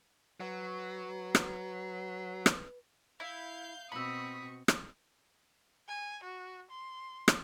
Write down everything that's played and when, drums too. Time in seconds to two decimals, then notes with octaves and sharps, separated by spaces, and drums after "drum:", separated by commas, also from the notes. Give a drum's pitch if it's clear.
0.40 F#3 B4
1.35 drum: rim click
2.46 drum: rim click
3.20 E4 F5 G6
3.92 B2 C4 F#4 B5 C#6 D#6 E6 B6
4.68 drum: rim click
5.89 G#5
6.23 F#4
6.71 C6
7.28 drum: rim click